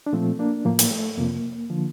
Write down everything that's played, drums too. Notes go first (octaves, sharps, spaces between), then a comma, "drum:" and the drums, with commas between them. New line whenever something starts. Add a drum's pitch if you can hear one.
D4
A#2 F3 A3 C4
A#3 D4
A2 F3 A#3
drum: hi-hat
A3
F2 C3 F3 A#3
D3 F3